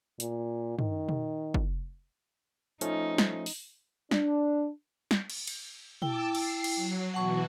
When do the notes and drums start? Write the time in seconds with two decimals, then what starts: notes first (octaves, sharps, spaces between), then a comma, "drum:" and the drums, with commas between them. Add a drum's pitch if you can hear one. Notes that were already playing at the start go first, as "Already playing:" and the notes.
0.20 A#2, drum: hi-hat
0.79 D#3, drum: tom
1.09 drum: tom
1.54 drum: kick
2.81 F3 A3 C#4 D#4, drum: hi-hat
3.18 drum: snare
3.46 drum: open hi-hat
4.11 D4, drum: snare
5.11 drum: snare
5.30 drum: cymbal
5.47 drum: cymbal
6.02 E4 G5 A5 D6 E6, drum: tom
6.35 C7, drum: cymbal
6.64 drum: cymbal
6.76 F#3
7.14 B2 E3 F#4 F#5 A5 C#6